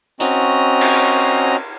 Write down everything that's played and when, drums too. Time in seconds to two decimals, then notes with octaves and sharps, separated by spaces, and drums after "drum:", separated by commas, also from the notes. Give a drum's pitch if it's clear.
0.20 C4 C#4 F#4 D#5 A#5, drum: hi-hat
0.81 drum: cymbal